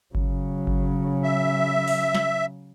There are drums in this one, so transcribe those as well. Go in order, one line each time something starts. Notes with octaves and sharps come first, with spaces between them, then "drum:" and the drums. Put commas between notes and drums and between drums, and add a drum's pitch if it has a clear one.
C#3 F#3, drum: kick G1
drum: kick G1
E5
drum: open hi-hat
drum: snare